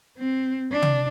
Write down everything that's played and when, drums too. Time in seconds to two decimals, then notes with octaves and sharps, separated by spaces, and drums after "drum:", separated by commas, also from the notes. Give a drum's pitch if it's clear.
0.18 C4
0.72 D4
0.82 drum: tom